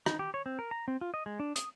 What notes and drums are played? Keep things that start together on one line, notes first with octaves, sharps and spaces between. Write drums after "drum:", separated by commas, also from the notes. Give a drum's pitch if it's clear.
D#4, drum: rim click
G4
C#5
C4
A#4
A#5
C4
F4
D#5
G#3
D4
D#6, drum: hi-hat